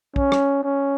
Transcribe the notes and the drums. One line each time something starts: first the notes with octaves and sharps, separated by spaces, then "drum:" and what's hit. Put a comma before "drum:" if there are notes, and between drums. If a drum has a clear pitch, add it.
C#4, drum: kick
drum: rim click
C#4